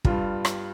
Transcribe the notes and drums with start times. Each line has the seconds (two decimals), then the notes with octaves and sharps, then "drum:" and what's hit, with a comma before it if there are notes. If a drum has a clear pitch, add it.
0.05 G2 G3 F4, drum: kick
0.45 drum: rim click